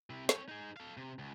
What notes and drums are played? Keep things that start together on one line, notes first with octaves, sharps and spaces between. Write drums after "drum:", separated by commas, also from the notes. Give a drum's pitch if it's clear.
C3 E4
C4 C#5, drum: snare
D#4 G#4
A4 F5
C3
C#2